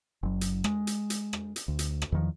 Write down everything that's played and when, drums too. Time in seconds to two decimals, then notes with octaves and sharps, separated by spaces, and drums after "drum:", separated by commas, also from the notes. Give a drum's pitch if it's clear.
0.23 F#1 F#3
0.41 drum: hi-hat
0.64 G#3, drum: rim click
0.87 drum: hi-hat
1.10 drum: hi-hat
1.33 drum: rim click
1.56 drum: hi-hat
1.68 D2
1.79 drum: hi-hat
2.02 drum: rim click
2.12 E2 D#3 F3